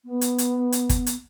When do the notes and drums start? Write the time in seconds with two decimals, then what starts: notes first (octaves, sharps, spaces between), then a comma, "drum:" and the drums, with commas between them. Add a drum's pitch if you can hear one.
0.04 B3
0.21 drum: hi-hat
0.38 drum: hi-hat
0.72 drum: hi-hat
0.89 drum: kick, hi-hat
1.06 drum: hi-hat